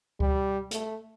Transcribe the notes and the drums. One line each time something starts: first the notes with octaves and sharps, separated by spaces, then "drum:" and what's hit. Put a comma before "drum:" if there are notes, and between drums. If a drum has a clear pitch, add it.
G3, drum: kick C#2
A3, drum: hi-hat